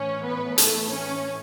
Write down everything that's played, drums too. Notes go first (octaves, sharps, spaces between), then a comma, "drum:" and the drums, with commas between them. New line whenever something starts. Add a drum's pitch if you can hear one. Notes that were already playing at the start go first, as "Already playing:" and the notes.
Already playing: A2 E3 C#4 C#5
B3 B4
A3 A4, drum: hi-hat
C#4 C#5